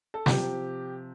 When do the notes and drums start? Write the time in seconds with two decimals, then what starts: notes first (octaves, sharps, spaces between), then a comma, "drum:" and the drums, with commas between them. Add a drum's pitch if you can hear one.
0.14 A4
0.26 C3 F3 G4, drum: snare